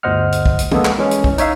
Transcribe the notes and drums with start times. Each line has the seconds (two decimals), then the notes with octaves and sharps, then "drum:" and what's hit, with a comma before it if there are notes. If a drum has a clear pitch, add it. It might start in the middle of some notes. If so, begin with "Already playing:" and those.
0.03 G1 D2 C5 D#5 F#5 F6
0.32 drum: hi-hat
0.46 drum: kick
0.59 drum: hi-hat
0.71 G#3 A#3 B3 A4, drum: tom
0.85 drum: clap
0.98 E3 G#3 C#4
1.11 drum: hi-hat
1.24 drum: kick
1.38 D#4 C#5 E5 F5, drum: hi-hat